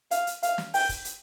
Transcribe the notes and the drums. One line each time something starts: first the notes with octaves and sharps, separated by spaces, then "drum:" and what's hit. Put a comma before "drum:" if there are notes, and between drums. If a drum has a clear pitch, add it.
F5, drum: hi-hat
drum: hi-hat
F5, drum: hi-hat
drum: snare
G5, drum: open hi-hat
drum: kick, hi-hat
drum: hi-hat